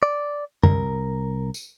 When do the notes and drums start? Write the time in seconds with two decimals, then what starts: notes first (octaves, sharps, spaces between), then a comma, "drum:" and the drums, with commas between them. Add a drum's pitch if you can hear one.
0.03 D5
0.63 C2 A#4, drum: tom F#2
1.54 drum: tambourine